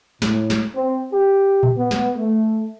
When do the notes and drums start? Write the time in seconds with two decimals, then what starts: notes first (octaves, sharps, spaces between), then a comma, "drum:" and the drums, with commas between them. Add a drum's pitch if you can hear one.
0.22 A2, drum: snare
0.50 drum: snare
0.75 C4
1.13 G4
1.63 drum: tom A#2
1.77 B3
1.91 drum: snare
2.16 A3